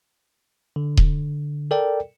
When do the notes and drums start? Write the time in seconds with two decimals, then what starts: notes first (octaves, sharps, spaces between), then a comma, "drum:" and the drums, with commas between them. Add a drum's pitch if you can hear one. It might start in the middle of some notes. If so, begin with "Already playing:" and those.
0.76 D3
0.97 drum: kick D#1
1.71 A4 A#4 D5 G5